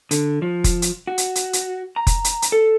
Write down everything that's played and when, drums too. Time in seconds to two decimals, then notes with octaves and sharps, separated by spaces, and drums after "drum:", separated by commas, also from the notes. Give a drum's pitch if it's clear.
0.11 D3, drum: hi-hat
0.42 F3
0.64 drum: kick F1, hi-hat
0.82 drum: hi-hat
1.07 F#4
1.18 drum: hi-hat
1.35 drum: hi-hat
1.53 drum: hi-hat
1.96 A#5
2.07 drum: kick F1, hi-hat
2.24 drum: hi-hat
2.42 drum: hi-hat
2.52 A4